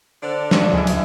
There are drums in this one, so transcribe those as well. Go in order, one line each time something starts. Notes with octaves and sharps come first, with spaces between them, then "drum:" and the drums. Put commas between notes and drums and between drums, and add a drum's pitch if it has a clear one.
D3 D4 C5
D5, drum: snare
D2 E4 G#4 D#5
drum: hi-hat